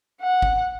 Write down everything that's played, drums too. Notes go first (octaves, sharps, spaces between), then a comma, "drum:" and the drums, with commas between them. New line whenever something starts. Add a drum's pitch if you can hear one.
F#5
drum: kick